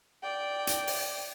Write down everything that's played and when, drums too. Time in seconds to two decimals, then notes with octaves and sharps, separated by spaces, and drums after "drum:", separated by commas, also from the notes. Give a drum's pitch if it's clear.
0.23 D5 G5
0.67 drum: hi-hat
0.87 drum: open hi-hat